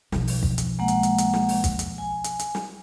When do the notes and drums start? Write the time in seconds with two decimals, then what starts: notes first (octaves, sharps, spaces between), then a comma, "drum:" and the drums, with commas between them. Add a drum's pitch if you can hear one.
0.12 B1 F3, drum: snare
0.27 drum: open hi-hat
0.43 drum: kick
0.58 drum: hi-hat
0.79 G#3 A#3 F#5
0.88 drum: hi-hat
1.03 drum: hi-hat
1.18 drum: hi-hat
1.33 drum: snare
1.49 drum: open hi-hat
1.64 drum: kick, hi-hat
1.79 drum: hi-hat
1.98 G#5
2.24 drum: hi-hat
2.39 drum: hi-hat
2.55 drum: snare